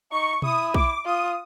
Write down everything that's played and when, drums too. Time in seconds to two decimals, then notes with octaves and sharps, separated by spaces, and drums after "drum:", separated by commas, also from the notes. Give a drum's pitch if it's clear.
0.11 D#4 C#6
0.42 E4 D#6, drum: tom B2
0.74 D6, drum: kick
1.05 F4 D#6